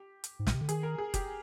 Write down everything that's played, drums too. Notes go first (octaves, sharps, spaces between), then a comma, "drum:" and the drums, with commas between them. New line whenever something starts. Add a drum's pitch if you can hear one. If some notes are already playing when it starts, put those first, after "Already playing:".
Already playing: G4
drum: hi-hat
G#2
A#2, drum: snare
C3
D3
D#3 G#4, drum: hi-hat
A#4
G#4
G4, drum: kick F#1, hi-hat